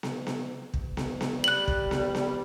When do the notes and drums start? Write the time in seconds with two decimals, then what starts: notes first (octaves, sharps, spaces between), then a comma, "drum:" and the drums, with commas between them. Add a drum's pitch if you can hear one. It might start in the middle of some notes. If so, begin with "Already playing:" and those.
0.03 drum: snare B3
0.27 drum: snare B3
0.74 drum: kick
0.97 drum: snare B3
1.21 drum: snare B3
1.44 G3 F#6 F#7
1.68 drum: kick
1.91 drum: snare B3
2.15 drum: snare B3